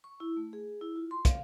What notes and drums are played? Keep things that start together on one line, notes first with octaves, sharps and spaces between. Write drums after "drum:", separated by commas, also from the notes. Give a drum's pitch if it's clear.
C#6
E4
A3
G#4
E4
F4
C6
F5, drum: kick, hi-hat